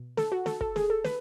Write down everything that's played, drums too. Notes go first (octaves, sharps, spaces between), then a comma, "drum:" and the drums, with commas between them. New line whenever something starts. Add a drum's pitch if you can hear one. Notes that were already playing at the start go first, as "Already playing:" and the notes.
Already playing: B2
A4, drum: snare
F#4
A4, drum: snare
A4, drum: kick
G#4, drum: snare
A4
B4, drum: snare